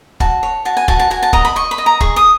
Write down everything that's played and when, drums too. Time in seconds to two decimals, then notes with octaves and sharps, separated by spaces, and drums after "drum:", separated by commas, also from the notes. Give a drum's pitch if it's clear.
0.20 F#4 A5, drum: kick
0.43 C#5
0.65 F#4 A5
0.77 G#5
0.88 F#4 A5, drum: kick
0.99 A5
1.10 F#4 G#5
1.23 A5
1.33 D#5 A#5, drum: kick
1.45 B5
1.56 D#5 C#6
1.71 B5
1.78 D#5
1.86 A#5
2.00 G#4 C#6, drum: kick
2.16 D#6